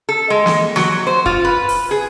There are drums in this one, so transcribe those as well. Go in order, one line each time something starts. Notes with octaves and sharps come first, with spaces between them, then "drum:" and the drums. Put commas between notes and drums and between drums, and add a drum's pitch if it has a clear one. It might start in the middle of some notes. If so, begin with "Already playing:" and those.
A4
G#3
drum: snare
F#3, drum: snare
C5
F4, drum: kick
B4
drum: open hi-hat
G#4